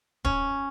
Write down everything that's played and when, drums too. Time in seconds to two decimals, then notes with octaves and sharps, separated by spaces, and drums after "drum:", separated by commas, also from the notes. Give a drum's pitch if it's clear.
0.25 C#4, drum: kick D1